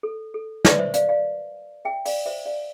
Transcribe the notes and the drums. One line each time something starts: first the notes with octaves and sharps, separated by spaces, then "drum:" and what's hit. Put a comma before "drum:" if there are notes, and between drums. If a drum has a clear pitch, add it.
A4
A4
B4 D5, drum: snare
C5 E5
D5 F5, drum: hi-hat
D5 F5
E5 G5
D5 F5, drum: open hi-hat
C5 E5
D5 F5